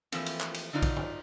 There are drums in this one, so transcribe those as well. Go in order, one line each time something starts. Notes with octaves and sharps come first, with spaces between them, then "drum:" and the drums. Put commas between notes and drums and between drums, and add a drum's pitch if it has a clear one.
E3 F3 A3 A#3 C4, drum: cymbal
drum: cymbal
drum: clap
drum: cymbal
D3 F#3 D#4 F4 D5
drum: kick A#1, cymbal
drum: tom